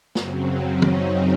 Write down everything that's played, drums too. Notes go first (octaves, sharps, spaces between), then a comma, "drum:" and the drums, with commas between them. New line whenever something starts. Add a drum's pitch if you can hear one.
F#2 C#3 F#3 C4, drum: snare
C#4
D#4, drum: tom